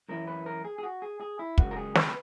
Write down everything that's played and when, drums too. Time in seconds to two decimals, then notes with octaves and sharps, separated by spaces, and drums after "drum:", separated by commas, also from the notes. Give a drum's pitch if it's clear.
0.09 F#2 E3 A#3 C#4 E4 A#4
0.27 B4
0.46 A#4
0.65 G#4
0.79 G#4
0.83 F#4
1.02 G#4
1.21 G#4
1.39 E4
1.58 C#2 C#3 F#3 A#3 F#4, drum: kick
1.71 A#4
1.77 G#4
1.95 B4, drum: snare